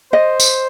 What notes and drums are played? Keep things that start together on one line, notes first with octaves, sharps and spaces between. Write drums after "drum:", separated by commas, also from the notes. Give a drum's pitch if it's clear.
C5 D#5
drum: tambourine